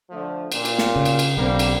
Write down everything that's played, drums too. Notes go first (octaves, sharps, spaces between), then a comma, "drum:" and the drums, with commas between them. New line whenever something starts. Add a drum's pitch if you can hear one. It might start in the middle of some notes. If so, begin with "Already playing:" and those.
D3 F3 A3
A#2, drum: cymbal
drum: cymbal
drum: snare
C#3
drum: cymbal
drum: cymbal
B1 D3 G3 A#3 C4
drum: cymbal